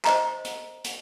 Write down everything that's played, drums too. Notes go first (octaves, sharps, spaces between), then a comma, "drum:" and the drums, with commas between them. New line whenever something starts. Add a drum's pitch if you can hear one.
C5 D#5 A#5, drum: clap
drum: hi-hat
drum: hi-hat